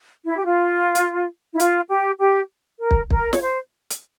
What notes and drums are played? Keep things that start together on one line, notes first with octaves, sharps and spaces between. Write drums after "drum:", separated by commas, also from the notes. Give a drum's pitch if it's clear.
E4
G4
F4
drum: hi-hat
E4
F4, drum: hi-hat
G4
G4
A#4
drum: kick
A#4, drum: kick
C#5, drum: snare
C5
drum: hi-hat